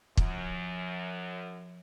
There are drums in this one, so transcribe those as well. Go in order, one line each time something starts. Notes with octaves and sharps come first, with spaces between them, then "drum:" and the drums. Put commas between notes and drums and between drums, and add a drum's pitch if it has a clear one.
F#2 F3, drum: kick